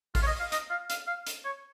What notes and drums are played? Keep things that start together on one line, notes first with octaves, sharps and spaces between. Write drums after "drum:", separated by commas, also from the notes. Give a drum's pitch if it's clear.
F4, drum: kick A1, open hi-hat
C#5
D#5
F5
D#5, drum: hi-hat
F5
F5, drum: hi-hat
F5
drum: hi-hat
C#5